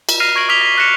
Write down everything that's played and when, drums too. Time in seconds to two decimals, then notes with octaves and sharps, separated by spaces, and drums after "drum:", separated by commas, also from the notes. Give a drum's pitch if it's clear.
0.09 drum: cymbal
0.20 F6 A#6 C7 D#7 F7
0.36 C#6 G#6 A#6 D7 F#7
0.49 D6 D#6 F6 B6 F7 G7
0.61 A#6 B6
0.78 F#6 A#6 B6 C#7 E7 F#7